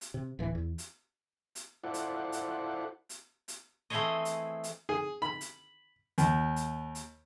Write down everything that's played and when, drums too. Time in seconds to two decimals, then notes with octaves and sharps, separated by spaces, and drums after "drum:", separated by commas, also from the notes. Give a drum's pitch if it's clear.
0.01 drum: hi-hat
0.14 C3
0.39 D1 E3
0.55 E2
0.78 drum: hi-hat
1.55 drum: hi-hat
1.84 E4 F4 A4 C5 D5 F#5
1.94 drum: hi-hat
2.32 drum: hi-hat
3.09 drum: hi-hat
3.48 drum: hi-hat
3.90 E3 A3 C4 G#4 C#5 D#5
4.25 drum: hi-hat
4.64 drum: hi-hat
4.89 G#4
5.22 B5
5.41 drum: hi-hat
6.18 D#2, drum: hi-hat
6.56 drum: hi-hat
6.95 drum: hi-hat